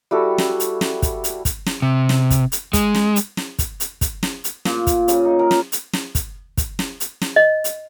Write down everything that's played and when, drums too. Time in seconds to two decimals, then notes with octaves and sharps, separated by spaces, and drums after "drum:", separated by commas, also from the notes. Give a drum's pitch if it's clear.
0.11 G3 E4 F#4 A4
0.38 drum: snare
0.60 drum: hi-hat
0.81 drum: snare
1.02 drum: kick, hi-hat
1.24 drum: hi-hat
1.45 drum: kick, hi-hat
1.66 drum: snare
1.82 C3
2.09 drum: snare
2.30 drum: kick, hi-hat
2.52 drum: hi-hat
2.73 G#3, drum: kick, hi-hat
2.95 drum: snare
3.16 drum: hi-hat
3.37 drum: snare
3.59 drum: kick, hi-hat
3.80 drum: hi-hat
4.01 drum: kick, hi-hat
4.23 drum: snare
4.44 drum: hi-hat
4.65 A#2, drum: snare
4.87 drum: kick, hi-hat
5.08 C#3, drum: hi-hat
5.25 D#4
5.39 A#4
5.51 drum: snare
5.72 drum: hi-hat
5.93 drum: snare
6.15 drum: kick, hi-hat
6.57 drum: kick, hi-hat
6.79 drum: snare
7.00 drum: hi-hat
7.21 drum: snare
7.36 D#5
7.64 drum: hi-hat